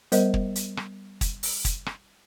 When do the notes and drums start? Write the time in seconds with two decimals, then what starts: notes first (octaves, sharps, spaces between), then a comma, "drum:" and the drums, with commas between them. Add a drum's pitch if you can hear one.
0.12 G3 B3 A#4 C5 D#5, drum: hi-hat
0.34 drum: kick
0.55 drum: hi-hat
0.77 drum: rim click
1.21 drum: kick, hi-hat
1.43 drum: open hi-hat
1.65 drum: kick, hi-hat
1.86 drum: rim click